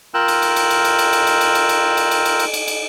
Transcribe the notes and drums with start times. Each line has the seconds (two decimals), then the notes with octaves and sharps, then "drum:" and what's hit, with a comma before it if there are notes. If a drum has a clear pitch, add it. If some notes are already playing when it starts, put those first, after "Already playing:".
0.14 F4 A#4 G5 E6 F#6
0.28 drum: cymbal
0.42 drum: cymbal
0.56 drum: cymbal
0.70 drum: cymbal
0.85 drum: cymbal
0.99 drum: cymbal
1.13 drum: cymbal
1.27 drum: cymbal
1.41 drum: cymbal
1.55 drum: cymbal
1.69 drum: cymbal
1.97 drum: cymbal
2.11 drum: cymbal
2.25 drum: cymbal
2.39 drum: cymbal
2.54 drum: cymbal
2.68 drum: cymbal